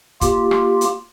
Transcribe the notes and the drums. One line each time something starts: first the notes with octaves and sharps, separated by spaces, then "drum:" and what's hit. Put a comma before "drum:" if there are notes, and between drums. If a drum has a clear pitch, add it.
A#3 F4 G4, drum: kick, hi-hat
drum: rim click
drum: hi-hat